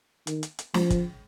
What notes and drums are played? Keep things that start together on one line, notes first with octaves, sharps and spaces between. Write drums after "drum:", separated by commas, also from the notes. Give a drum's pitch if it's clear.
D#3, drum: hi-hat
drum: hi-hat
drum: hi-hat
F3, drum: snare
drum: kick, hi-hat